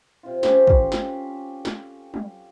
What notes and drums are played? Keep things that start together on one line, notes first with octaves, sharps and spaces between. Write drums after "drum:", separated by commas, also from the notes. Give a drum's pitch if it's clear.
C3 F4
C#4 G4 A4 C5, drum: snare
drum: kick
drum: snare
drum: snare
drum: tom